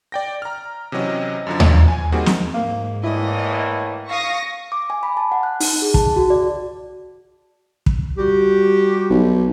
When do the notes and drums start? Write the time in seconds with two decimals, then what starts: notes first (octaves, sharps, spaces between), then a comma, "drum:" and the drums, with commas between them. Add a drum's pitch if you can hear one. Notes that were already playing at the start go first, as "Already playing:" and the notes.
0.12 D5 G5 A#6
0.42 A#5 F6
0.92 C3 E3 F#3 C#4 D#5
1.47 F#2 D3 F3
1.60 drum: tom D#2
1.88 G#5
2.12 G3 A#3 C4 D#4 F#4 G#4
2.26 drum: snare
2.54 G#2 A#3
3.03 A2 E3 A#3 E4 D5 D#5
4.09 F5 C#6 D#6 A#6
4.72 D6
4.90 G#5
5.03 B5
5.17 A5
5.32 F#5
5.43 F#6
5.60 D#4, drum: open hi-hat
5.82 G#4
5.94 A5, drum: kick
6.16 F#4
6.30 D5
7.86 drum: kick
8.18 G3 F#4 G4
9.10 B1